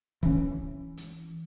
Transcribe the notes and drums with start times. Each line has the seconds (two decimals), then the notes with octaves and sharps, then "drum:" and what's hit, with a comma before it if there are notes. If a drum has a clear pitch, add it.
0.23 E3 C#4, drum: kick
0.97 drum: hi-hat